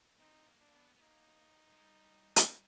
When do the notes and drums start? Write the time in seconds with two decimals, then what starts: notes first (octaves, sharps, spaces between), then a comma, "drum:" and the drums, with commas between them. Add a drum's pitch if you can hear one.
0.19 C4 D#4
0.47 A#3
0.60 D4
0.74 B3
0.95 B3
1.01 A#3 D#4
1.70 G#3
1.83 G3
2.36 drum: hi-hat